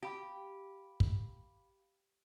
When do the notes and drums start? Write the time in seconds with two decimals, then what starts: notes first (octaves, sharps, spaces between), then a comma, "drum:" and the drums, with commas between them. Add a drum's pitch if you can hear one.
0.03 G4 F5 B5
1.00 drum: kick